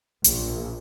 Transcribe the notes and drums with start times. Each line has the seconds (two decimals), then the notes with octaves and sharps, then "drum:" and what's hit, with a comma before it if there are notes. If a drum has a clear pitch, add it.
0.24 A#1, drum: hi-hat